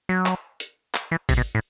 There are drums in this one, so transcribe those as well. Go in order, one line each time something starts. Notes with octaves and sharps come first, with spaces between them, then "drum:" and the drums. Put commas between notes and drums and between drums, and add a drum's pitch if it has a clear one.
F#3
drum: clap
drum: hi-hat
drum: clap
E3
C3, drum: kick, open hi-hat
B2
A2